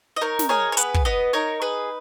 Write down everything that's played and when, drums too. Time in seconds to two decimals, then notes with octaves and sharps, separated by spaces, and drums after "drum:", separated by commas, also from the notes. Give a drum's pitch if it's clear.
0.16 D#5
0.21 D#4 A#4 C#5
0.39 drum: snare
0.49 G#4 A#4 C#5
0.72 C#5
0.77 B3 B4, drum: hi-hat
0.94 drum: kick
1.05 B3 B4 D#5
1.33 D#4 A#4 C#5
1.62 G#4 B4